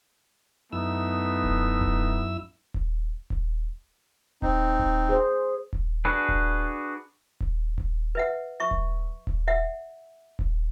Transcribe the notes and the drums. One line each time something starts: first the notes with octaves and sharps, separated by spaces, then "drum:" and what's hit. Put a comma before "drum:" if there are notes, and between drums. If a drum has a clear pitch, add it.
F#2 A3 B3 D#4 E4 E6
drum: kick D#1
drum: kick D#1
drum: kick D#1
drum: kick D#1
C4 D#4, drum: kick D#1
drum: kick D#1
G#4 C5
drum: kick D#1
D4 F#4 G#4 B4
drum: kick D#1
drum: kick D#1
drum: kick D#1
B4 E5 F#5
E5 C#6
drum: kick D#1
drum: kick D#1
E5 F#5
drum: kick D#1